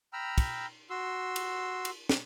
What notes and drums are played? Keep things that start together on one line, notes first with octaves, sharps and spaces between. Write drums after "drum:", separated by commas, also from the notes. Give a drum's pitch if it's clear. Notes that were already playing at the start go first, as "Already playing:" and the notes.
G5 A#5 B5 E6 F6
drum: kick, cymbal
F#4 C6 E6
drum: cymbal
drum: cymbal
drum: snare